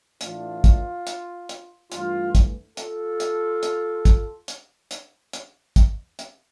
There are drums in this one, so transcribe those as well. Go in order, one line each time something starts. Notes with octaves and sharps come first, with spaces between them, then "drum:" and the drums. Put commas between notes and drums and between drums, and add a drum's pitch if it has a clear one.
A2 E3 A3 D4 F4, drum: hi-hat
drum: kick, hi-hat
drum: hi-hat
drum: hi-hat
G2 E3 A3 F4, drum: hi-hat
drum: kick, hi-hat
F4 A4, drum: hi-hat
drum: hi-hat
drum: hi-hat
drum: kick, hi-hat
drum: hi-hat
drum: hi-hat
drum: hi-hat
drum: kick, hi-hat
drum: hi-hat